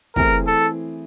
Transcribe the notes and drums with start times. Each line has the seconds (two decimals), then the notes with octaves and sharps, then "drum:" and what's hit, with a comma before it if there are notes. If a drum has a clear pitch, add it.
0.16 E3 A3 C4 E4 G#4 A#4, drum: kick
0.47 A4